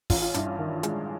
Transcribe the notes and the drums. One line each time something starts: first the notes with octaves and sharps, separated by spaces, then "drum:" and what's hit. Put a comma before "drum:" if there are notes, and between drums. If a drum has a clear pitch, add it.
A1 F4, drum: kick, open hi-hat
F4
G2 E4, drum: hi-hat
D#3
G#3, drum: hi-hat